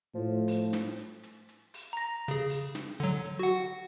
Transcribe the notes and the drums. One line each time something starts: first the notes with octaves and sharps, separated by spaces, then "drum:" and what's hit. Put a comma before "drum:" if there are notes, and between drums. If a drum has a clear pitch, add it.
A2 F3
drum: open hi-hat
drum: snare
drum: hi-hat
drum: hi-hat
drum: hi-hat
drum: open hi-hat
A#5 A#6
C#3 G#4
drum: open hi-hat
drum: snare
D3 F#3, drum: hi-hat
drum: hi-hat
F#4 F#5